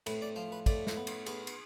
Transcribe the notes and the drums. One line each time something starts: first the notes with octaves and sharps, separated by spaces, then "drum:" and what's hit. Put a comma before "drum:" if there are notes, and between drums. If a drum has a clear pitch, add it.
A2 B4, drum: cymbal
D5
F3 C5
B4
A2 D5, drum: kick, cymbal
drum: snare
B3
drum: cymbal
B3 G#4, drum: cymbal
drum: cymbal